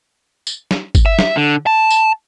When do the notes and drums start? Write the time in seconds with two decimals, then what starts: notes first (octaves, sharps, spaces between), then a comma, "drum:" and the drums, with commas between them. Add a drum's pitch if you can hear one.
0.47 drum: tambourine
0.71 drum: snare
0.95 drum: kick, tambourine
1.06 E5
1.19 drum: snare
1.37 D3
1.67 A5
1.90 drum: tambourine